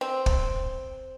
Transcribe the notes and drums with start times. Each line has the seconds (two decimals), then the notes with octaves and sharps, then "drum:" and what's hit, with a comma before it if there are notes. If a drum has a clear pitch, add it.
0.01 C4
0.26 drum: kick